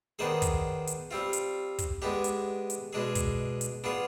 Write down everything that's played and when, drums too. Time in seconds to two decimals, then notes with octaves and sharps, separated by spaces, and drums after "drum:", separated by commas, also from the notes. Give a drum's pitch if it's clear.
0.19 D#3 B3 D4 G#4 C5
0.42 drum: kick, hi-hat
0.87 drum: hi-hat
1.11 G3 C4 F4
1.33 drum: hi-hat
1.78 drum: kick, hi-hat
2.02 G#3 B3 D4 G4
2.24 drum: hi-hat
2.70 drum: hi-hat
2.93 B2 G#3 D4 G#4
3.15 drum: kick, hi-hat
3.61 drum: hi-hat
3.84 B3 D4 F4 G#4